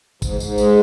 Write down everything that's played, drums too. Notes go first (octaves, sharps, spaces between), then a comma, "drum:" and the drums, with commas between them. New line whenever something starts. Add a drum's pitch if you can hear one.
G#2, drum: kick, tambourine
G#2, drum: tambourine
G#3, drum: tambourine